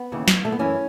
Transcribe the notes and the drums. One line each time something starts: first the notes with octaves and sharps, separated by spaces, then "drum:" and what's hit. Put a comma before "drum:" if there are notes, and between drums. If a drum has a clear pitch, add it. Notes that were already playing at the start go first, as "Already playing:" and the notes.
Already playing: B3
D#2 C#3 E3
drum: snare
A3
B3
F#2 E3 C#4